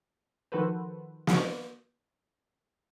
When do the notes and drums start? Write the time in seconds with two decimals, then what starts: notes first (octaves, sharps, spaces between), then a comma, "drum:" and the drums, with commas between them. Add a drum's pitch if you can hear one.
0.52 D#3 F3 F#4 A4 B4 C5
1.27 drum: snare